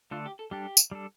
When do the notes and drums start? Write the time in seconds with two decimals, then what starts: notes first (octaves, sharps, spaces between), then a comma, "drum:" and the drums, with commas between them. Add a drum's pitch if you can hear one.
0.11 D3 A3 D4 F4 A4
0.26 G4
0.39 A4
0.51 G3 D4 G4 A4
0.77 drum: tambourine
0.91 G3 D4 A4